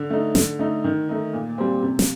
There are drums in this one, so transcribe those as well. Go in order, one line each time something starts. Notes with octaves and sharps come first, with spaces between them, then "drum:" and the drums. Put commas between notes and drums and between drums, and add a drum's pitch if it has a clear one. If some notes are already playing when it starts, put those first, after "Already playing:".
Already playing: D3
A3 D#4
D3, drum: snare
A3 D#4
D#3
A3 D#4
A#2
G3 C4
C3
drum: snare